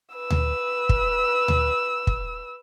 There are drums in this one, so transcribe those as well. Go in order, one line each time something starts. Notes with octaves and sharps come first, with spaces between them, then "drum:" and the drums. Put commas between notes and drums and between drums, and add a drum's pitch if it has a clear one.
B4 E6
drum: tom D2
drum: kick
drum: tom D2
drum: kick